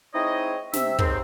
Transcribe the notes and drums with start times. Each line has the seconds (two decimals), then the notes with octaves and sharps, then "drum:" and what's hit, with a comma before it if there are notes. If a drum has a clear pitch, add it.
0.14 G#3 C4 D#4 E4 C#5 D#5
0.73 C3 E5, drum: snare
0.99 D#2 G#2 C4, drum: kick